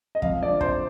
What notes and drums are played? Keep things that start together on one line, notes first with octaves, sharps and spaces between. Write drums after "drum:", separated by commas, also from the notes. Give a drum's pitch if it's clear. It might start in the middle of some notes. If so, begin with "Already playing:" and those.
D#5
F2 F5, drum: kick
D3 F3 D5
F2 C5, drum: kick